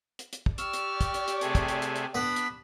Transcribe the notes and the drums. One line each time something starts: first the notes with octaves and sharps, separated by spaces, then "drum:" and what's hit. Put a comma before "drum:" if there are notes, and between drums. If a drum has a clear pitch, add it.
drum: hi-hat
drum: hi-hat
drum: kick
G4 D5 C#6 E6 F6, drum: hi-hat
drum: hi-hat
drum: kick, hi-hat
drum: hi-hat
drum: hi-hat
C3 A3 G#4, drum: hi-hat
drum: kick, hi-hat
drum: hi-hat
drum: hi-hat
drum: hi-hat
B3 D4 B6
drum: hi-hat